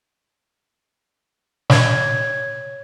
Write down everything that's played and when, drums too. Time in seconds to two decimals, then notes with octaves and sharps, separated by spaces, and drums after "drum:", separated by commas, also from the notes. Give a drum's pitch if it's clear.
1.70 C#5 G#6, drum: snare